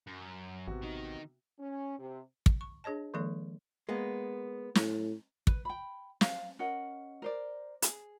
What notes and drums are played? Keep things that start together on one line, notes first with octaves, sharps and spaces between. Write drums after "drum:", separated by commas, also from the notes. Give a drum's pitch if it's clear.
F#2
A1 C3 B3 F#4
D#3 D#4
C#4
C3
drum: kick
C#6
D4 G#4 C#5 D#5 A5
D#3 F3 G#3 A#3 A4 D5
G#3 A#3 B3
A2, drum: snare
B4, drum: kick
G5 B5
F5, drum: snare
C#4 A#4 D#5 F#5
A#4 C5 D5
G#4, drum: hi-hat